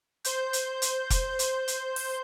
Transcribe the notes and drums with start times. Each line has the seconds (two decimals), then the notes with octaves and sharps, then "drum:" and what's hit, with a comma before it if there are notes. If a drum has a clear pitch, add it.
0.24 C5 G6, drum: hi-hat
0.53 drum: hi-hat
0.82 drum: hi-hat
1.10 drum: kick F1, hi-hat
1.39 drum: hi-hat
1.68 drum: hi-hat
1.96 drum: open hi-hat